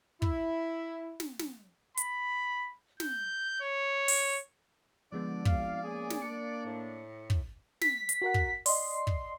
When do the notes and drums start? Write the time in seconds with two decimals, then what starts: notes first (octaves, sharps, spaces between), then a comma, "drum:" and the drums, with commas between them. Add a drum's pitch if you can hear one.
0.22 E4, drum: kick
1.20 drum: snare
1.39 drum: snare
1.97 B5, drum: hi-hat
3.00 G6, drum: snare
3.61 C#5
4.08 drum: open hi-hat
5.12 D3 F3 G#3 B3 D5
5.45 G#1 F5, drum: kick
5.84 A#3 C#4 G#4
6.10 drum: snare
6.22 A#3 D4 C#7
6.65 A2
7.30 drum: kick
7.81 B6, drum: snare
8.09 drum: hi-hat
8.22 F#4 A#4 F#5
8.34 drum: kick
8.66 D5 D#5 C6, drum: open hi-hat
9.07 drum: kick